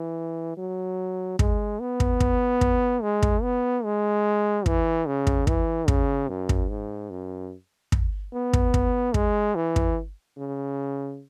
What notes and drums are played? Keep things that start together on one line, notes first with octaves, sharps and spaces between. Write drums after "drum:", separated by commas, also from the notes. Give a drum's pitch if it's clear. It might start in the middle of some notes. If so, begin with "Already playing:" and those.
Already playing: E3
F#3
G#3, drum: kick
B3
drum: kick
drum: kick
drum: kick
G#3
drum: kick
B3
G#3
E3, drum: kick
C#3
drum: kick
E3, drum: kick
C#3, drum: kick
F#2
drum: kick
G#2
F#2
drum: kick
B3
drum: kick
drum: kick
G#3, drum: kick
E3
drum: kick
C#3